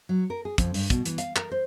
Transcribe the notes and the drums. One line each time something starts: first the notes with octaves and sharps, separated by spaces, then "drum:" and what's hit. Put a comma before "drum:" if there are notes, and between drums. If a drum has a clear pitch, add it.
F#3
A#4
G#4
F2, drum: kick, hi-hat
G2, drum: open hi-hat
B2, drum: kick, hi-hat
E3, drum: hi-hat
F5, drum: hi-hat
A#4, drum: clap
C5